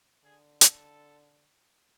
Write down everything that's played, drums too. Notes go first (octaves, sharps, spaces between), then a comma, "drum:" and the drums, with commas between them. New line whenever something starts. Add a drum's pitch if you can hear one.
D3 G#4
A4, drum: hi-hat